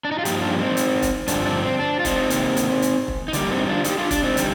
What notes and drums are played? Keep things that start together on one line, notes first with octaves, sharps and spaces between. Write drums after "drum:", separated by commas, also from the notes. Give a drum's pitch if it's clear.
D4
D#4
F4
G2 F3 A#3 D#4 G4, drum: hi-hat
D4 F4
C4 D#4
drum: hi-hat
drum: kick E1, hi-hat
G2 D3 F3 C4 D4, drum: hi-hat
D4
C4
D4
F4
C4 D#4, drum: kick E1, hi-hat
C3 D#3 A#3, drum: hi-hat
drum: hi-hat
drum: hi-hat
drum: kick E1
D#4
D3 G3 A#3 D4, drum: hi-hat
C4 D#4
D4 F4
D#4 G4, drum: hi-hat
D4 F4
D4, drum: kick E1, hi-hat
C4 D#4
D3 G3, drum: hi-hat